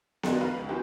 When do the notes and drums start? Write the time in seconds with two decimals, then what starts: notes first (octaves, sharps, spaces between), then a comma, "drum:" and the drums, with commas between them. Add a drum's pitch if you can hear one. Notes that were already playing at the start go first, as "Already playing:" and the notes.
0.23 D#3 F3 D4 D#4 F4 F#4, drum: snare B3
0.41 B4 F5 A#5 B5
0.56 C#2
0.69 E3 B3 C4 F#4 G4